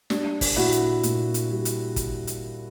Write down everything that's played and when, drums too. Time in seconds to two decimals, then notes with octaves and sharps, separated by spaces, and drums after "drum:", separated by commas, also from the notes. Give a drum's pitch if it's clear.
0.10 G3 D4, drum: snare
0.41 drum: kick, open hi-hat
0.56 A#2 E4 F#4
0.72 drum: hi-hat
1.03 A#2, drum: hi-hat
1.34 drum: hi-hat
1.49 G3
1.65 drum: hi-hat
1.96 drum: kick, hi-hat
2.27 drum: hi-hat